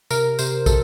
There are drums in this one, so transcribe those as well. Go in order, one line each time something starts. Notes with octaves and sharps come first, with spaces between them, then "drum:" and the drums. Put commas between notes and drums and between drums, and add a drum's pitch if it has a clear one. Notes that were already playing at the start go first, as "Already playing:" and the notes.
C3 A#4, drum: tambourine
C3 C5, drum: tambourine
C3 A4, drum: kick, tambourine